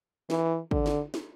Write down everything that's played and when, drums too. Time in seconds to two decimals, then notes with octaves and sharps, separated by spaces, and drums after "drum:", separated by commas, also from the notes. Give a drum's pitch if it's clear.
0.30 E3, drum: snare
0.71 D3, drum: kick
0.86 drum: snare
1.14 drum: snare